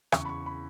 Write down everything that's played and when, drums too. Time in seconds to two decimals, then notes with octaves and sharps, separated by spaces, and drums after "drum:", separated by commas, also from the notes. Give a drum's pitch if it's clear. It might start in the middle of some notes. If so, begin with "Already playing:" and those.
0.12 E2 C#3 E3 C#6, drum: rim click
0.25 B5
0.29 C#6
0.46 B5